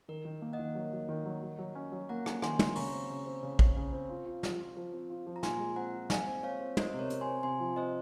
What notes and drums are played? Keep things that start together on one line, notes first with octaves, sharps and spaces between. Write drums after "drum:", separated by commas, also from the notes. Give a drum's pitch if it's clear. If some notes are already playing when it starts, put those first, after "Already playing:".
D#3 A#4
D#3
A#3
D#5 F#5
D#3
F#3
F#3
D#3
F#3
F#3
F#3
C#4
F#3
A#3 F#5 A#5
C#4, drum: rim click
D#3 G#5 C6, drum: rim click
F#3, drum: tom
C#3 A#5 C#6, drum: open hi-hat
C4
C#3
C4
C#3
C#3, drum: kick
C#3
C4
F4
F4
F3, drum: snare
F4
F3
C4
F4
F3
A#5
A#2 G#5 C6, drum: snare
G#3
C4 F#5 A#5
F4
G#3 F5 G#5, drum: snare
C4
C4 C#5 F5
C4
C4 C5 D#5, drum: tom
C3
A#4 C#5
C3, drum: hi-hat
G#5 C6
C4
C3 G#5 C6
F3
C4 C5 D#5